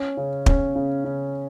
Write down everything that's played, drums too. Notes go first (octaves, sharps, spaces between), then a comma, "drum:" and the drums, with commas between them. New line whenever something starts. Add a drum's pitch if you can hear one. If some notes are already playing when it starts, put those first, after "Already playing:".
Already playing: C#4
C#3
C#4, drum: kick
C#3
C#3